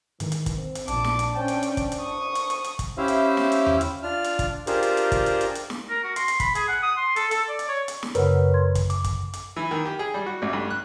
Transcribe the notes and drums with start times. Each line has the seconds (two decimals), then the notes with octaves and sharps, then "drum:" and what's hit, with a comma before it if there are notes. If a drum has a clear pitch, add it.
0.20 G#2 D#3 E3, drum: hi-hat
0.32 drum: hi-hat
0.46 drum: kick, hi-hat
0.56 C4
0.75 drum: hi-hat
0.88 A#1 A#2 D4 A5 D6, drum: hi-hat
1.04 drum: snare
1.19 drum: hi-hat
1.35 C#4 C5 G5 A5
1.48 drum: hi-hat
1.63 drum: hi-hat
1.77 drum: kick, hi-hat
1.92 drum: hi-hat
2.01 C#6 D#6
2.35 drum: hi-hat
2.50 drum: hi-hat
2.64 drum: hi-hat
2.79 drum: kick, hi-hat
2.98 C#4 E4 G4 C5 E5 F5
3.08 drum: hi-hat
3.37 drum: snare
3.52 drum: hi-hat
3.66 drum: tom E2
3.81 drum: hi-hat
4.03 D4 F4 F6
4.24 drum: hi-hat
4.39 drum: kick, hi-hat
4.67 D4 F4 G4 G#4 A#4 C5, drum: hi-hat
4.83 drum: hi-hat
4.97 drum: hi-hat
5.12 drum: kick, hi-hat
5.26 drum: hi-hat
5.41 drum: hi-hat
5.55 drum: hi-hat
5.70 drum: snare
5.90 A#4
6.03 F#4
6.16 C6, drum: hi-hat
6.28 drum: hi-hat
6.40 B5, drum: kick, hi-hat
6.55 G#4, drum: hi-hat
6.68 F#5
6.83 D#6
6.97 C6
7.16 A4, drum: hi-hat
7.31 A4, drum: hi-hat
7.49 D5
7.59 drum: hi-hat
7.68 C#5
7.88 drum: hi-hat
8.03 drum: snare
8.15 F#2 C#3 A#4 B4 C#5 F#5, drum: hi-hat
8.54 C6 G#6
8.75 drum: kick, hi-hat
8.90 D6, drum: hi-hat
9.04 drum: kick, hi-hat
9.33 drum: hi-hat
9.56 E3
9.71 D#3
9.85 G4
9.99 G#4
10.14 G3
10.26 F#4
10.42 A1
10.53 G2
10.70 F#6